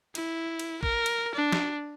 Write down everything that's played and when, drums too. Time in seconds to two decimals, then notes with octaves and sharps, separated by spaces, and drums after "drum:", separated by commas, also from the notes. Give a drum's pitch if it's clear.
0.15 E4, drum: cymbal
0.59 drum: cymbal
0.83 A#4, drum: kick
1.06 drum: cymbal
1.35 D4
1.53 drum: snare